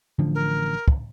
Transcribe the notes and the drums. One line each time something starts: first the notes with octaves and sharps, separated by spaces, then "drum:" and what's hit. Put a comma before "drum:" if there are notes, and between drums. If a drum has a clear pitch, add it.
A1 D3 F3
A#4
drum: kick